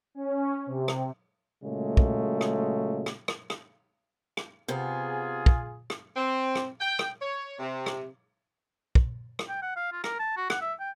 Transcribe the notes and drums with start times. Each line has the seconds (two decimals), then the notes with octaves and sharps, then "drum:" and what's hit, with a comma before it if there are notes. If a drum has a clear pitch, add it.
0.15 C#4
0.66 C3
0.88 drum: rim click
1.63 A#2 C#3 F#3 G#3 A3
1.97 drum: kick
2.41 drum: rim click
3.06 drum: rim click
3.28 drum: rim click
3.50 drum: rim click
4.37 drum: rim click
4.68 C3 B3 F4 G#4
5.46 drum: kick
5.90 drum: rim click
6.16 C4
6.55 drum: rim click
6.80 G5
6.99 drum: rim click
7.22 C#5
7.59 C3
7.86 drum: rim click
8.95 drum: kick
9.39 drum: rim click
9.48 G5
9.62 F#5
9.76 F5
9.92 F4
10.04 A#4, drum: rim click
10.19 A5
10.37 F#4
10.50 F#5, drum: rim click
10.61 E5
10.80 G5